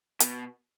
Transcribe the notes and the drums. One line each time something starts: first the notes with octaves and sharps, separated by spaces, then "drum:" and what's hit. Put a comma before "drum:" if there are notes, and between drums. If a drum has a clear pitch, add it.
B2, drum: hi-hat